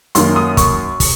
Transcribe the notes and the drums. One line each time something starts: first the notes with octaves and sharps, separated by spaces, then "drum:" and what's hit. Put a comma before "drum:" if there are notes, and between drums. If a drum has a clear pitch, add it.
F#2 D#3 A#3 C6, drum: hi-hat
D#6
C#6, drum: kick, hi-hat
drum: kick, open hi-hat